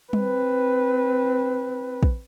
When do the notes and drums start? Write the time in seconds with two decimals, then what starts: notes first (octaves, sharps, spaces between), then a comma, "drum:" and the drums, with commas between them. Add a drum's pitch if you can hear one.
0.13 C4 B4, drum: tom G3
2.03 drum: kick